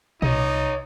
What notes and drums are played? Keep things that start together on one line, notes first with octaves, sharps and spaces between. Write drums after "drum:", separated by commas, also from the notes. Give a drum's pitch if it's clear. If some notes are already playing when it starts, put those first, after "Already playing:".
C2 D#4 C#5 D#5, drum: tom A#2